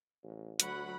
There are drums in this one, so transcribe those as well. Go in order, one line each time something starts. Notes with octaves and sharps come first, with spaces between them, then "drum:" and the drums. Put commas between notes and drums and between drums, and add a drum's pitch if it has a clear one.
A1
D2 F#3 F#5 B5, drum: hi-hat